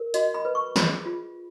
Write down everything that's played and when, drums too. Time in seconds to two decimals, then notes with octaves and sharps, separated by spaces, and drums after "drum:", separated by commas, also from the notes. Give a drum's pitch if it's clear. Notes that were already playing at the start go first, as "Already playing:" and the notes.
Already playing: A#4
0.14 F#4 D#5, drum: hi-hat
0.34 B5
0.45 B4
0.55 C#6
0.76 G#4 B5, drum: snare
1.05 F4